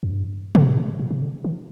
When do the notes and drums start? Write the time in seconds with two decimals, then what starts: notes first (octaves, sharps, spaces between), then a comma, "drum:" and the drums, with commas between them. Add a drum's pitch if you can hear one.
0.03 F2
0.10 G2
0.55 A2, drum: tom C3
0.62 A#2
0.70 A2
0.99 A#2
1.11 C3
1.22 D3
1.44 D#3